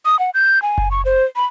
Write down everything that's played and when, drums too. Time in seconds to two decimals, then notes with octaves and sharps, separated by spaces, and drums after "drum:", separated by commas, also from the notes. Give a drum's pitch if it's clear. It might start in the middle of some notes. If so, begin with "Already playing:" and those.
0.05 D#6
0.19 F#5
0.34 G6
0.62 G#5
0.78 drum: kick F#1
0.91 C#6
1.05 C5
1.36 B5